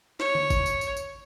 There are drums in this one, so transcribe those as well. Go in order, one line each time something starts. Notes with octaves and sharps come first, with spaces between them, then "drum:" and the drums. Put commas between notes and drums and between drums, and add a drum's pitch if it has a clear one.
C#5, drum: snare
drum: tom D3
drum: kick G1, tambourine
drum: tambourine
drum: tambourine
drum: tambourine